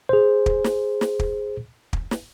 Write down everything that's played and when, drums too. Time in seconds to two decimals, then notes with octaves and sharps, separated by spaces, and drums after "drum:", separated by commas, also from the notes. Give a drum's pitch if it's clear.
0.09 G#4 C5
0.46 drum: kick
0.64 drum: snare
1.01 drum: snare
1.19 drum: kick
1.93 drum: kick
2.11 drum: snare